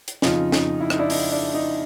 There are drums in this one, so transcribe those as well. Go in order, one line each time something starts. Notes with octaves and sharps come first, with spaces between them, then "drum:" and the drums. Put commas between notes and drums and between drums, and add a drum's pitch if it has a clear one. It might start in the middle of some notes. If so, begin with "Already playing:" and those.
drum: hi-hat
F2 C#3 F3 D#4 F4, drum: snare
D#4, drum: snare
E4
D#4, drum: rim click
D4 E4
D#4, drum: open hi-hat
D4
D#4